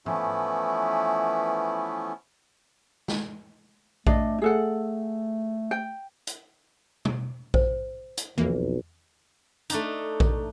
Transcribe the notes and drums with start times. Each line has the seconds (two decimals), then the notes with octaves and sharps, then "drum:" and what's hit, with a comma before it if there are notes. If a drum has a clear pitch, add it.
0.06 E3 F3 A3 B3 C#4 E4, drum: tom
3.08 drum: snare
4.07 A3 D4 D5 D#5, drum: kick A#1
4.42 A3 G#4 A4 F#5
5.71 G5
6.27 drum: hi-hat
7.05 drum: tom
7.54 C5, drum: kick A#1
8.17 drum: hi-hat
8.38 B1 F2 E3 A#3, drum: tom E2
9.70 A3 D4 D#4, drum: hi-hat
10.20 drum: kick A#1